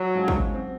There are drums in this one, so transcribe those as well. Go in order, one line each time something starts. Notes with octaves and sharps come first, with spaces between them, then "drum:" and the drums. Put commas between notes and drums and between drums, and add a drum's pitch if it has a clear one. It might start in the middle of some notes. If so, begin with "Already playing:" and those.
Already playing: F#3
G#2 F3 G#3 C#4 F4
drum: kick
F#3 C4